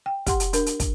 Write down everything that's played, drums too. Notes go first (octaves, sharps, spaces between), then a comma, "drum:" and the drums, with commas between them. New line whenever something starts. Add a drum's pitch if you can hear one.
G5
G4 F#5 C6, drum: kick, hi-hat
drum: hi-hat
D4 A#4, drum: hi-hat
drum: hi-hat
drum: kick, hi-hat